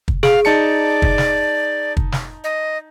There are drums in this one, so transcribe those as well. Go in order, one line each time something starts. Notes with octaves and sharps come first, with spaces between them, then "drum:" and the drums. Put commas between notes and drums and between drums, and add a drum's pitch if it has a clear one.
drum: kick
G#4 F5, drum: snare
D#4 D5 A5 C#7
drum: kick
drum: snare
drum: kick
drum: snare
D#5